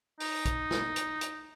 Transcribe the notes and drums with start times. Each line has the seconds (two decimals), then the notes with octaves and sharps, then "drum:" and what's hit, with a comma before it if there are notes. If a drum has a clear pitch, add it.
0.20 D#4, drum: open hi-hat
0.45 drum: kick, hi-hat
0.71 drum: snare
0.96 drum: hi-hat
1.21 drum: hi-hat